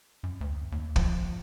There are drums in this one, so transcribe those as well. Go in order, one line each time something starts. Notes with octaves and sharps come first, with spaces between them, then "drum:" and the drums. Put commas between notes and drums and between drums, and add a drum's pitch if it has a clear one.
F#2
D2
D#2
F3, drum: kick